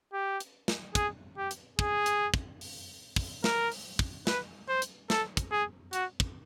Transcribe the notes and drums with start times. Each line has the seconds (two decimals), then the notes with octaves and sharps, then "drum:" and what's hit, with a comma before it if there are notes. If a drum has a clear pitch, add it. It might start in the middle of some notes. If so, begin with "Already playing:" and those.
0.13 G4
0.40 drum: hi-hat
0.68 drum: snare
0.95 G#4, drum: kick, hi-hat
1.37 G4
1.51 drum: hi-hat
1.79 G#4, drum: kick
2.06 drum: hi-hat
2.34 drum: kick
2.61 drum: open hi-hat
3.16 drum: kick, open hi-hat
3.44 A#4, drum: snare
3.72 drum: open hi-hat
3.99 drum: kick
4.27 B4, drum: snare
4.69 C5
4.82 drum: hi-hat
5.10 A4, drum: snare
5.37 drum: kick, hi-hat
5.52 G#4
5.93 F#4, drum: hi-hat
6.20 drum: kick